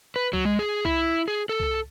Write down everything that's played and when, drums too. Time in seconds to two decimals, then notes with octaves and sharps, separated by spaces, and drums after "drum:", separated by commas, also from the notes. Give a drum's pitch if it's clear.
0.16 B4
0.33 F#3, drum: kick C2
0.45 G#3
0.59 G#4
0.85 E4, drum: kick C2
1.28 G#4
1.49 A4
1.60 drum: kick C2